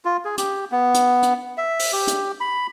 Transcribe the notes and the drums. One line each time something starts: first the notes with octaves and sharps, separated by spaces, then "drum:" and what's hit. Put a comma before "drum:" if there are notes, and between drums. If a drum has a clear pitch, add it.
F4
G#4
G4, drum: hi-hat
B3
drum: hi-hat
drum: hi-hat
E5
drum: open hi-hat
G4
drum: hi-hat
B5